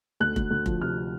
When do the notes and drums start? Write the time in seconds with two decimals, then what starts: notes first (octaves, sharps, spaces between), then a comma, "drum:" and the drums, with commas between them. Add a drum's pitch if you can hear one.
0.20 D2 F#6
0.36 D2, drum: kick F1
0.51 D2
0.66 F3, drum: kick F1
0.81 C3 F6